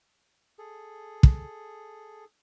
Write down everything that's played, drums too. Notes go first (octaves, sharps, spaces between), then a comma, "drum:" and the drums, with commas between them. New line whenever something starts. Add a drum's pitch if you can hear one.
G#4 A4
drum: kick